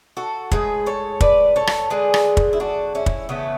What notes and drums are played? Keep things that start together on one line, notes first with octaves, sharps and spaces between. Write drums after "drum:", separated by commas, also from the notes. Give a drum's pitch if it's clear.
F#4 A4
A2 G#3 G#4 B4, drum: kick
A4 C#5
B4 D5, drum: kick
A4 C#5
drum: rim click
D3 G#3 G#4 B4
drum: rim click
drum: kick
E4
D4 F#4
C#4 E4
drum: kick
C#3 E3 A3 B3